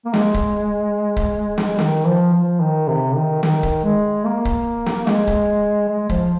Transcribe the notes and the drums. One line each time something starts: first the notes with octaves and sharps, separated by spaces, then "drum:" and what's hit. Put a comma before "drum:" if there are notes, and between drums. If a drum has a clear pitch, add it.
A#3
G#3, drum: snare
drum: kick C#1
drum: kick C#1
drum: snare
D#3, drum: snare
F3
F3
D#3
C3
D#3
D#3, drum: snare
drum: kick C#1
G#3
A#3
drum: kick C#1
drum: snare
G#3, drum: snare
drum: kick C#1
G#3
F3, drum: kick C#1